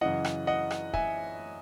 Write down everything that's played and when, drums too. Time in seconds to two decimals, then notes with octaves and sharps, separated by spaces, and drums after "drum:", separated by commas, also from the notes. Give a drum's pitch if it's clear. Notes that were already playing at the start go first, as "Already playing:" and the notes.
0.01 F#2 C#3 E3 D#5 F#5
0.25 drum: rim click
0.47 D#5 F#5
0.71 drum: rim click
0.94 E5 G#5, drum: kick